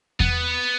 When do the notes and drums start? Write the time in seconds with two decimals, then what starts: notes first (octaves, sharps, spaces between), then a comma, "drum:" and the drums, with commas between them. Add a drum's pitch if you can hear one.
0.20 B3, drum: kick E2